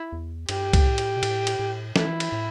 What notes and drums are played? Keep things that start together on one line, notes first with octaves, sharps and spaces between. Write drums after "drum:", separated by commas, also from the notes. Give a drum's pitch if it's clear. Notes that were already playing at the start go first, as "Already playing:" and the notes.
Already playing: E4
E2
G2 G4, drum: cymbal
drum: kick C2, cymbal
A2
drum: cymbal
B2
A2, drum: cymbal
drum: cymbal
A2
E3 A3 E4, drum: snare
drum: cymbal
A2